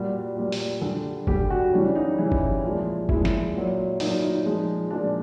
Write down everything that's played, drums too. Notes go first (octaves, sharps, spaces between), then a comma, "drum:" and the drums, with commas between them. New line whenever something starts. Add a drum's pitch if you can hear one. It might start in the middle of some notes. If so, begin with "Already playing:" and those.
Already playing: A#2 G3 F#4
A#2 G3
drum: open hi-hat
D3 G3
D3 G3 G4, drum: kick G1
F#4
C#3 E3 G3 D4
D#4
C#3 E3 G3 E4
drum: kick G1
A#2 F3 G#3
A#2 F3 G#3 E4, drum: kick G1
drum: snare
A#2 F#3
A#2 F#3 D#4, drum: open hi-hat
D#4
A#2 F3 G#3
A#2 F3 G#3 D4